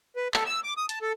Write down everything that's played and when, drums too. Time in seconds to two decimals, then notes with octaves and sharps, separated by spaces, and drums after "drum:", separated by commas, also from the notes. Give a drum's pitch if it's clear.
0.16 B4
0.34 A4, drum: clap
0.46 E6
0.64 D6
0.77 D#6
0.89 A5, drum: hi-hat
1.02 A4